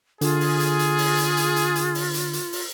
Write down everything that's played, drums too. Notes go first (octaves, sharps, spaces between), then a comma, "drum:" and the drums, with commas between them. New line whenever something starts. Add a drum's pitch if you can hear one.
D3 F4 G#4, drum: hi-hat
drum: open hi-hat
drum: hi-hat
drum: hi-hat
drum: open hi-hat
drum: hi-hat
drum: hi-hat
drum: hi-hat
drum: hi-hat
drum: open hi-hat
drum: hi-hat
drum: hi-hat
drum: open hi-hat